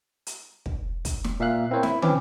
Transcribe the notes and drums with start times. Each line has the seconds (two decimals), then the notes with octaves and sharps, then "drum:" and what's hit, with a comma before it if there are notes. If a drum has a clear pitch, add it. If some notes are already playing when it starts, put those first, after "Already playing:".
0.27 drum: hi-hat
0.66 drum: kick
1.05 drum: kick, hi-hat
1.24 drum: snare
1.40 A#2 E5 F5 F#6
1.70 B3 C4 E4 A#4 C5 C#5
1.83 E4, drum: snare
2.02 E3 C4 C#4 B4 D6, drum: tom